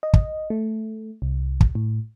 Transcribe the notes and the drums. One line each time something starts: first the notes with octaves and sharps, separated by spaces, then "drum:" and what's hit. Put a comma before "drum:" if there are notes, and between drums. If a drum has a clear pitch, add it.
D#5
drum: kick
A3
C2
drum: kick
A2